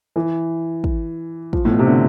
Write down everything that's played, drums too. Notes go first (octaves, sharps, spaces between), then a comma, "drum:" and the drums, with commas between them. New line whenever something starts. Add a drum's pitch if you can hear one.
E3
drum: kick
F3, drum: kick
A2
B2
C3
D3